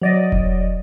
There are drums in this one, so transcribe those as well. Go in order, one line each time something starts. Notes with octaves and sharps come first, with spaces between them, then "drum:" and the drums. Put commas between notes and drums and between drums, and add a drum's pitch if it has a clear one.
F#3 D5 D#5
drum: kick E1